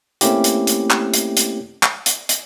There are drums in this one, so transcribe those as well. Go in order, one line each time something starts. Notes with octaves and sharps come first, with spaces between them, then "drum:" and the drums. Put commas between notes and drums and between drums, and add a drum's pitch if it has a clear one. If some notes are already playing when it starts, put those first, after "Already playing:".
A3 A#3 C4 C#4 E4 G4, drum: hi-hat
drum: hi-hat
drum: hi-hat
drum: clap
drum: hi-hat
drum: hi-hat
drum: clap
drum: hi-hat
drum: hi-hat